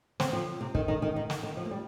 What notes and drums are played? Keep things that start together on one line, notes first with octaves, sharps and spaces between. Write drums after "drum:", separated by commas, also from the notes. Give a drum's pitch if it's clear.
C4, drum: snare
F3
C3
D#3, drum: kick
D#3
D#3
D#3
drum: snare
D#3
F3
A#3
G3